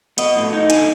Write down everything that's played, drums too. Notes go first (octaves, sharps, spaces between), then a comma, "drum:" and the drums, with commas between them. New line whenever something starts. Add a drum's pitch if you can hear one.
B3 D#5, drum: hi-hat
A2
D#4
D3 G#5, drum: hi-hat